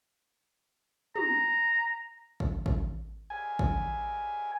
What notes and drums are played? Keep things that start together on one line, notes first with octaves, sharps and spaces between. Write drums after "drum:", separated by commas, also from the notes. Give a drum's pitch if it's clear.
A#5, drum: tom
drum: kick
drum: kick
G#5
drum: kick